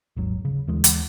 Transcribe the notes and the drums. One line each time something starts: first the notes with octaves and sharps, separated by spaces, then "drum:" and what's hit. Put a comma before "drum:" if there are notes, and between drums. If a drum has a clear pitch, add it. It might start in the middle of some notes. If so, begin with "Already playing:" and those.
D#1 G#1 F#3
C#3
D#2 E3 G#3
drum: hi-hat